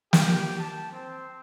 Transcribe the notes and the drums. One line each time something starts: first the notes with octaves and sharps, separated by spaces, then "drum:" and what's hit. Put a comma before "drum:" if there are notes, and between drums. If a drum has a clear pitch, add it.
G4, drum: snare
A5
C4